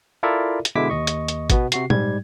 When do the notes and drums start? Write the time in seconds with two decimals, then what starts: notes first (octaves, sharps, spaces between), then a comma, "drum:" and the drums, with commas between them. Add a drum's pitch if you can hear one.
0.23 E4 F4 A4 A#4 D5 E5
0.65 drum: hi-hat
0.76 B2 D3 G#3 E4 D6 B6
0.90 D#2 D#5 C#6
1.07 drum: hi-hat
1.28 drum: hi-hat
1.50 B2 B3 F#4, drum: kick G#1, hi-hat
1.72 C3 F#4 C7, drum: hi-hat
1.90 G#2 G3 G#6, drum: tom A#2